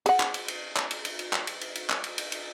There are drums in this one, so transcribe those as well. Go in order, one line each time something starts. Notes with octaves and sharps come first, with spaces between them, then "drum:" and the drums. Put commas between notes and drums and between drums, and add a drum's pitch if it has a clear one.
G#4 F#5, drum: cymbal
drum: clap
drum: cymbal
drum: cymbal
drum: clap
drum: cymbal
drum: cymbal
drum: cymbal
drum: clap
drum: cymbal
drum: cymbal
drum: cymbal
drum: clap
drum: cymbal
drum: cymbal
drum: cymbal